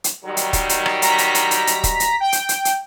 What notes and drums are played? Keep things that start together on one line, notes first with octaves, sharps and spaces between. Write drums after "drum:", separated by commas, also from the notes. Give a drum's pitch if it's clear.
drum: hi-hat
D#3 F#3 G3
drum: hi-hat
drum: kick, hi-hat
drum: hi-hat
drum: rim click
A#5 B6, drum: hi-hat
drum: hi-hat
drum: hi-hat
drum: hi-hat
drum: hi-hat
drum: kick, hi-hat
drum: hi-hat
G5
drum: hi-hat
drum: hi-hat
drum: hi-hat